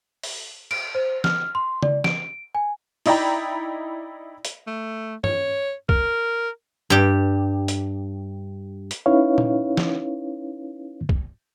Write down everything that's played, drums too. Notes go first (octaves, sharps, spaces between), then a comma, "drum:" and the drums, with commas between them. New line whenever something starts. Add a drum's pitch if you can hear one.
drum: open hi-hat
D7, drum: cymbal
C5
F6, drum: snare
C6
D5, drum: tom C#3
D7, drum: snare
G#5
D#4 E4 D5 G5 A#5 B5, drum: open hi-hat
drum: hi-hat
A3
C#5, drum: tom
A#4, drum: kick
G2 G4
drum: hi-hat
drum: hi-hat
C#4 D#4 E4 B4 C#5 F5
drum: tom A#2
drum: snare
drum: kick